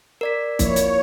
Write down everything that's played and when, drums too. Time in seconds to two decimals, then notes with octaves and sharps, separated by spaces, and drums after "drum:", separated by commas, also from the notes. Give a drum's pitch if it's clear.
0.21 A#4 D5 B6
0.59 F3 A#3 E4 C#5, drum: kick, hi-hat
0.76 drum: hi-hat